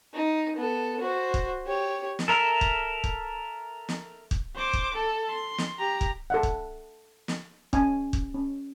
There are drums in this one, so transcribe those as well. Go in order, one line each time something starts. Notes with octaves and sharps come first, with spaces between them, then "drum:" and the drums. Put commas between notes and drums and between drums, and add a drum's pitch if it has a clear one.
D#4
B3 A4
F#4 C5
drum: kick
G4 C#5
drum: snare
A4 A#4 E5
drum: kick
drum: kick
drum: snare
drum: kick
C5 D6
drum: kick
A4
C6
drum: snare
G4 A#5
drum: kick
A4 E5 F#5
drum: kick
drum: snare
C#4 G#5, drum: kick
drum: kick
C#4